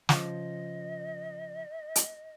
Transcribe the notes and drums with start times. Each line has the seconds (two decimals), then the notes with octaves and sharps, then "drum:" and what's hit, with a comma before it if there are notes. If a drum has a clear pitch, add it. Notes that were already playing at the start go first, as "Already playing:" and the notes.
0.09 C#3 F3 D#5, drum: snare
1.96 drum: hi-hat